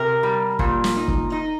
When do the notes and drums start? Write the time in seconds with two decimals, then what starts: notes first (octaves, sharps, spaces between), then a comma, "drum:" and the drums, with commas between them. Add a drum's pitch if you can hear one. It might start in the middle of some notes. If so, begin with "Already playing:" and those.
Already playing: C3 A#4
0.23 G3
0.59 A#2, drum: kick
0.84 drum: snare
0.96 D#4
1.08 drum: kick
1.32 D#4